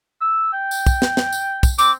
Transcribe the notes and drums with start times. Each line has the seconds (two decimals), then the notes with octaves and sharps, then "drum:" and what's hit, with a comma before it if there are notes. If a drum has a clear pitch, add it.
0.21 E6
0.53 G5
0.71 drum: tambourine
0.86 drum: kick, tambourine
1.02 drum: snare
1.17 drum: snare
1.32 drum: tambourine
1.63 drum: kick, tambourine
1.78 C4 D6, drum: tambourine